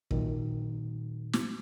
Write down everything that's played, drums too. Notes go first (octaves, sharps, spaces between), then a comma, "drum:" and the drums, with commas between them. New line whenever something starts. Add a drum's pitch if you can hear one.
A#2 D#3 F#3, drum: kick
drum: snare